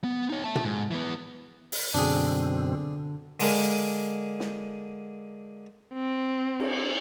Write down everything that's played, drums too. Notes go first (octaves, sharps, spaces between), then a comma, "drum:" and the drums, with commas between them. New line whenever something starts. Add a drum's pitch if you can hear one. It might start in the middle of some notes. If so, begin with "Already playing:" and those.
B3
D#4 C#5
E5 A5
drum: tom
G#2
E3 B3
drum: open hi-hat
F#2 B2 D3 C4 D4 G#4
D3 G#3 A#3, drum: open hi-hat
drum: snare
C4
drum: cymbal